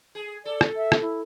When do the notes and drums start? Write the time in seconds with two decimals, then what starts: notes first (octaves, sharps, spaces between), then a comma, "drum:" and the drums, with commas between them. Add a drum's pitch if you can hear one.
0.15 G#4
0.45 A4 D5
0.61 drum: rim click
0.76 E5
0.92 drum: rim click
1.01 E4